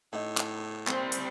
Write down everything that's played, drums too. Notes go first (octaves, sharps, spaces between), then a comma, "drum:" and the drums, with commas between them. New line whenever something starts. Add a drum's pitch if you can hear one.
A2 D#4 E4
drum: clap
G3 A#3 C4 C6, drum: clap
drum: hi-hat